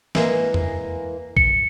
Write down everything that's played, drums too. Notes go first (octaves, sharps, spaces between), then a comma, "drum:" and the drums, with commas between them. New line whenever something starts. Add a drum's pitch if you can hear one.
E3 G#3 A#3, drum: snare
drum: tom E2
C#7, drum: kick